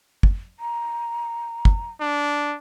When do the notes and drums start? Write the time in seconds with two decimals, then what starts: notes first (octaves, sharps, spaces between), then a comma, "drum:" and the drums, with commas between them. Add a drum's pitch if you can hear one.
0.23 drum: kick
0.60 A#5
1.65 drum: kick
2.01 D4